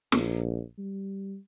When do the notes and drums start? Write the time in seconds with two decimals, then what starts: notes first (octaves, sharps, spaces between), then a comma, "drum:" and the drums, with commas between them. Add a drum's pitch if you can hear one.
0.12 A#1, drum: snare
0.78 G3